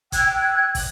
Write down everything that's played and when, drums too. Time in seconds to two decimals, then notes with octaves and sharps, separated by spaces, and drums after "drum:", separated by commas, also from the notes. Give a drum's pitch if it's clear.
0.12 G5 E6 F#6 G#6, drum: kick, hi-hat
0.75 drum: kick, open hi-hat